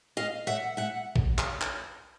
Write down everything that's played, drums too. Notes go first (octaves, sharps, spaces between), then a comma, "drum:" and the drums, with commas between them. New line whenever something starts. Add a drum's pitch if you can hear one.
D#5 F5
E5 F#5
E5 F#5
drum: kick A1
drum: clap
drum: clap